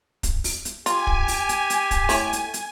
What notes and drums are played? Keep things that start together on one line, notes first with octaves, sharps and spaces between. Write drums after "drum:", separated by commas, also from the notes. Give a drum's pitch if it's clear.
drum: kick, hi-hat
drum: open hi-hat
drum: hi-hat
F4 G4 G#5, drum: hi-hat
drum: kick
drum: open hi-hat
drum: hi-hat
drum: hi-hat
drum: kick, hi-hat
A3 E4 C#5, drum: open hi-hat
drum: hi-hat
drum: hi-hat